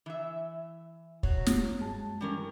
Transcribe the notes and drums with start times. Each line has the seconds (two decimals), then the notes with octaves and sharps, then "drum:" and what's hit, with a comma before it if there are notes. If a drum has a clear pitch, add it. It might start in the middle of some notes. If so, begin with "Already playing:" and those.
0.06 E3 E5
1.23 F#3 C#5, drum: kick
1.46 drum: snare
1.80 G2 G#3 A5
2.21 E3 G3 C#4 A#4